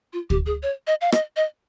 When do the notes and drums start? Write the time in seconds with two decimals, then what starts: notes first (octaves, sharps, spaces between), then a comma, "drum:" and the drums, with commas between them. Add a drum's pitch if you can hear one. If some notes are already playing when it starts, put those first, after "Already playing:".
0.13 F4
0.30 G4, drum: kick
0.46 G#4
0.63 C#5
0.87 D#5
1.01 F5
1.12 D#5, drum: rim click
1.36 D#5